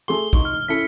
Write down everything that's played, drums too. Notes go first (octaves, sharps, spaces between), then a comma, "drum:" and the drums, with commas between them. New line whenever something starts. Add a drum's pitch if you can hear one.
A3 G#4 C6 G7
D#4 C6 C#6, drum: kick
F6
C#4 E4 A4 B6 C#7